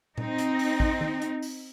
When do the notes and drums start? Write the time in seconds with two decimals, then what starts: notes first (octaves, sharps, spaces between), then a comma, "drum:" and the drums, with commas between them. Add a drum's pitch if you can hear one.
0.18 C4 D#4, drum: tom A#2
0.38 drum: hi-hat
0.59 drum: open hi-hat
0.80 drum: kick A1
1.01 drum: tom D#3
1.22 drum: hi-hat
1.42 drum: open hi-hat